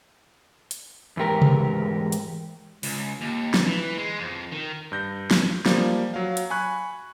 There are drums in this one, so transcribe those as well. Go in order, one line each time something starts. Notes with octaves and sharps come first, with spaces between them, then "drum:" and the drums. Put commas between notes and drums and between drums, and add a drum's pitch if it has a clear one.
drum: hi-hat
E2 G#2 G4 A#4
drum: tom C3
drum: hi-hat
C#2, drum: open hi-hat
D#2
drum: snare
E3
G#3
F2
D#3
G2 G6 A#6
drum: snare
F3 G3 A#3, drum: snare
F#3 F5
drum: hi-hat
G#5 B5 C#6 F#6